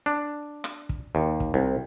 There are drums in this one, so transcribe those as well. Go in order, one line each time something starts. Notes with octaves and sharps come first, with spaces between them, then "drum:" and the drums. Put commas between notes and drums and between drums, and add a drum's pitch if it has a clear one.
D4
drum: rim click
drum: kick
D#2
drum: kick
C2